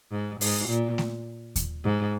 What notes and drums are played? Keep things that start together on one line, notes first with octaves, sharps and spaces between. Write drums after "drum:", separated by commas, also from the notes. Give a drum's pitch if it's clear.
G#2
G#2, drum: open hi-hat
A#2
drum: snare A3
drum: kick D#2, hi-hat
G#2